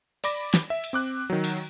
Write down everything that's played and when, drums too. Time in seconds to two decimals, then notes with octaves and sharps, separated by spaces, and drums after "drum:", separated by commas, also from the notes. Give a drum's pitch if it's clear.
0.24 D5 B5 D6 A#6, drum: cymbal
0.54 drum: snare
0.70 E5
0.84 drum: cymbal
0.93 C4 D6 F#6
1.30 D#3 F#3
1.44 drum: cymbal